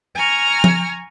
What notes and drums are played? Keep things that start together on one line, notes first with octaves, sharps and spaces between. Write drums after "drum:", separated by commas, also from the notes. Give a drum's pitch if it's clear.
G#5 A#5 C#6 F6
drum: tom F3